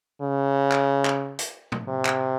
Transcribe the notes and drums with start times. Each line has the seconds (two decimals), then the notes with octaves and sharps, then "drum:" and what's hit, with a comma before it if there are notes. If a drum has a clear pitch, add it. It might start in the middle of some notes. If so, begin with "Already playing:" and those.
0.22 C#3
0.72 drum: clap
1.05 drum: clap
1.39 drum: hi-hat
1.72 drum: tom
1.89 C3
2.05 drum: clap